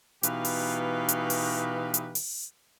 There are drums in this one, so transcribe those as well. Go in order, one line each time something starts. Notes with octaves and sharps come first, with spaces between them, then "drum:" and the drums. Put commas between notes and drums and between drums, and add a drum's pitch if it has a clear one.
B2 E3 D#4 G4 B4 F5, drum: hi-hat
drum: open hi-hat
drum: hi-hat
drum: open hi-hat
drum: hi-hat
drum: open hi-hat